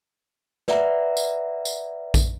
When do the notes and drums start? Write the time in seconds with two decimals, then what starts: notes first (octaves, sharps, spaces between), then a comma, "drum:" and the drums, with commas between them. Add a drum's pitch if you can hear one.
0.68 B4 D5 E5 F#5 A#5, drum: snare
1.17 drum: tambourine
1.65 drum: tambourine
2.14 drum: kick A#1, tambourine